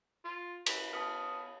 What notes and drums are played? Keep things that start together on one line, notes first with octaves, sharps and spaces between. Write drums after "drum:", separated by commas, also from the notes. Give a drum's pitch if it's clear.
F4
B4 B6, drum: cymbal
B3 A5 D#6 F6